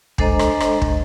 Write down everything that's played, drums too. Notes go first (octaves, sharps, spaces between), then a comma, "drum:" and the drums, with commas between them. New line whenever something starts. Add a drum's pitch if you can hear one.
G#3 D4 A4 C5 D#5 A#5, drum: kick
drum: rim click
drum: rim click
drum: kick